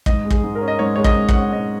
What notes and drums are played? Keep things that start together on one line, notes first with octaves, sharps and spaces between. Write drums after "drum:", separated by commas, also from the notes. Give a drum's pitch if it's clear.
G#2 D#5, drum: kick
G#3
G#4, drum: kick
G#2
A#4
C#4
D#5
G#2 C#5
G#3 C#5
D#5, drum: kick
G#2
F#5, drum: kick
C#4
G#2 D#5